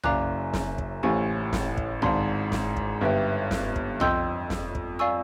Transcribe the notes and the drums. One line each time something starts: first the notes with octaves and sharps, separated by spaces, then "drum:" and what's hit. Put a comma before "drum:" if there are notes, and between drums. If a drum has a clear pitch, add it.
F#1 F#2 D5 F5 A#5 D6 F#6, drum: tom B1
drum: snare
drum: kick
A1 A2 G4 C5 F5 G#5 C#6
drum: snare
drum: kick
G#1 G#2 D5 F5 A5 C6, drum: tom B1
drum: snare
drum: kick
G1 G2 B4 E5 G5
drum: snare
drum: kick
F2 D#5 G5 C6 E6 G6, drum: tom B1
drum: snare
drum: kick
D5 F5 G#5 C#6 E6